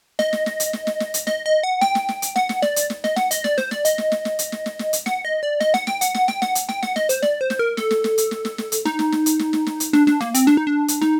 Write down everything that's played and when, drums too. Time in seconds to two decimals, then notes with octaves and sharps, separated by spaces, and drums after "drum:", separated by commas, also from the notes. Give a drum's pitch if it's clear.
0.19 D#5, drum: snare
0.33 drum: snare
0.46 drum: snare
0.60 drum: hi-hat
0.73 drum: snare
0.87 drum: snare
1.00 drum: snare
1.14 drum: hi-hat
1.27 D#5, drum: snare
1.46 D#5
1.63 F#5
1.81 G5, drum: snare
1.95 drum: snare
2.09 drum: snare
2.22 drum: hi-hat
2.36 F#5, drum: snare
2.49 drum: snare
2.62 D5, drum: snare
2.76 drum: hi-hat
2.90 drum: snare
3.04 D#5, drum: snare
3.16 F#5, drum: snare
3.31 D#5, drum: hi-hat
3.44 D5, drum: snare
3.58 C5, drum: snare
3.71 D5, drum: snare
3.85 D#5, drum: hi-hat
3.98 drum: snare
4.12 drum: snare
4.25 drum: snare
4.39 drum: hi-hat
4.52 drum: snare
4.66 drum: snare
4.79 drum: snare
4.93 drum: hi-hat
5.06 F#5, drum: snare
5.25 D#5
5.43 D5
5.60 D#5, drum: snare
5.74 F#5, drum: snare
5.87 G5, drum: snare
6.01 F#5, drum: hi-hat
6.15 F#5, drum: snare
6.28 G5, drum: snare
6.42 F#5, drum: snare
6.55 drum: hi-hat
6.69 G5, drum: snare
6.83 F#5, drum: snare
6.96 D#5, drum: snare
7.09 C5, drum: hi-hat
7.22 D5, drum: snare
7.41 C5
7.50 drum: snare
7.59 A#4
7.77 A4, drum: snare
7.91 drum: snare
8.04 drum: snare
8.18 drum: hi-hat
8.31 drum: snare
8.45 drum: snare
8.58 drum: snare
8.72 drum: hi-hat
8.85 D#4, drum: snare
8.99 drum: snare
9.12 drum: snare
9.26 drum: hi-hat
9.39 drum: snare
9.53 drum: snare
9.67 drum: snare
9.80 drum: hi-hat
9.93 D4, drum: snare
10.07 D4, drum: snare
10.21 A#3, drum: snare
10.34 C4, drum: hi-hat
10.47 D4, drum: snare
10.57 D#4
10.67 D4
10.88 drum: hi-hat
11.01 D#4, drum: snare